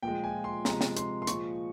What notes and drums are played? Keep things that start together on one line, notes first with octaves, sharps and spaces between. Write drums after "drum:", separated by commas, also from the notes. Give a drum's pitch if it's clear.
A#2 F3 G#3 G5
G#5
C6
C3 F3 G#3 A#5, drum: snare
drum: snare
C6, drum: hi-hat
C6
A#2 F3 G#3 C#6, drum: hi-hat